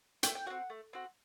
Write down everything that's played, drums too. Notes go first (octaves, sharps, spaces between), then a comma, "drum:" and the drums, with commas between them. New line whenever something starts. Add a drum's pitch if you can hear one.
A3 G5, drum: hi-hat
G5
C4 F#4 F#5
A3
C4 F#4